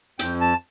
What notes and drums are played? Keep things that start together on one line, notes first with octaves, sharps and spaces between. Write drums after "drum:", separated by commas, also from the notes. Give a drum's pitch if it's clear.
F2 G5, drum: hi-hat
A5